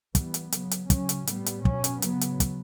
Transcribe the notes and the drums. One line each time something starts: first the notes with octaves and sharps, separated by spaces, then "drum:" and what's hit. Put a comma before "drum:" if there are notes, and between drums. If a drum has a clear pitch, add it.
E3 G3 B3, drum: kick, hi-hat
drum: hi-hat
C#3 F#3 B3, drum: hi-hat
drum: hi-hat
C#3 F#3 C#4, drum: kick, hi-hat
drum: hi-hat
A2 G3 B3, drum: hi-hat
drum: hi-hat
B2 F#3 C#4, drum: kick
drum: hi-hat
C#3 F#3 B3, drum: hi-hat
drum: hi-hat
drum: kick, hi-hat